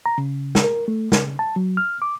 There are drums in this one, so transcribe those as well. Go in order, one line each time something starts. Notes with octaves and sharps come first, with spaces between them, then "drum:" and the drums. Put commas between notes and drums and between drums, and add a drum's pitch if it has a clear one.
A#5
C#3
drum: snare
A#4
A3
C#3, drum: snare
A5
F#3
F6
D6